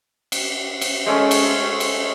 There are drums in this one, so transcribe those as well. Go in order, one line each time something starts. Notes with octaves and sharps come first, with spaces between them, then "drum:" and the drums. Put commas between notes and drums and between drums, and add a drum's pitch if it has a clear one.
drum: cymbal
drum: cymbal
G#3 A3 C#4
drum: cymbal
drum: cymbal